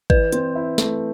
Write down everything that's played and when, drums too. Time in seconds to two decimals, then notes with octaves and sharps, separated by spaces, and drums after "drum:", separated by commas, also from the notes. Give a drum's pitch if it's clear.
0.10 E3 B4, drum: kick
0.32 C4, drum: hi-hat
0.55 E4
0.78 A3, drum: snare